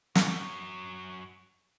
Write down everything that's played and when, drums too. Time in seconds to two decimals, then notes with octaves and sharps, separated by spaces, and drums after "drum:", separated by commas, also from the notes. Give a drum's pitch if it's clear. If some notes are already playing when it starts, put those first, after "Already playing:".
0.15 F#2 F#3, drum: snare